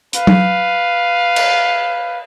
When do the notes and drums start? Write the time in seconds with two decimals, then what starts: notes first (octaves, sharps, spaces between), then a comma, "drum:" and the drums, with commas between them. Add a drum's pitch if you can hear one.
0.13 B4 F5, drum: hi-hat
0.27 drum: tom F#3
1.36 drum: cymbal